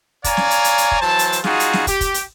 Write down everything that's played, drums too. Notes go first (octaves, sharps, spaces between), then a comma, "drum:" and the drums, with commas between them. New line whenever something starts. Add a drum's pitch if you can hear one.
C#5 D5 F5 G#5 A#5, drum: kick, hi-hat
drum: snare
drum: hi-hat
drum: hi-hat
drum: hi-hat
drum: kick
E3 F#3 C5 A5
drum: hi-hat
drum: hi-hat
G3 D#4 F4 F#4 G#4, drum: snare
drum: hi-hat
drum: snare
G4, drum: kick, hi-hat
drum: kick, hi-hat
drum: hi-hat